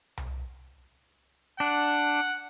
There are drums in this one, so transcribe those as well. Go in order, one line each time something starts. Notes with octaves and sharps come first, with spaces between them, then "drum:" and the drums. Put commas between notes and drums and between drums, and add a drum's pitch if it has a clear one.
drum: tom C2
D4 F#5